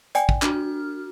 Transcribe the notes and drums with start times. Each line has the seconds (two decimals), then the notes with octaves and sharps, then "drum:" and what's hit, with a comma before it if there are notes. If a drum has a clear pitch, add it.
0.15 D5 G5 G#5, drum: hi-hat
0.29 drum: kick
0.42 D4 F#4 F6, drum: clap